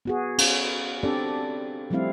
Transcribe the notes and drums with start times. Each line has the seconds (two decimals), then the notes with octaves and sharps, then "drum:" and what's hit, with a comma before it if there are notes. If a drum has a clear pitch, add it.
0.05 B3 F#4 G#4
0.38 C#4 F#4, drum: cymbal
1.03 C4 D4 G4 A4 D5
1.90 F3 G3 A3 C4 E4 F5